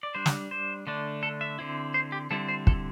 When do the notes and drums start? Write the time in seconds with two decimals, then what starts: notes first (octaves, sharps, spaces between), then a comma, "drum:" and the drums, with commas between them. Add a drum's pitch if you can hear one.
0.03 D5
0.15 G3 D4 C5
0.26 drum: snare
0.51 C5
0.87 D3 A3 D4
1.23 A4
1.41 E5
1.59 D3 C4 E4
1.94 C5
2.12 G4
2.31 D3 G3 C4 E4 A4
2.48 C5
2.67 A4, drum: kick